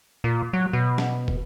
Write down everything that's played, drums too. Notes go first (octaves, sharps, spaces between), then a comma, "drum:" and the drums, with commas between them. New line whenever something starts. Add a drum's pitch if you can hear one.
A#2
F#3
B2
drum: snare
drum: kick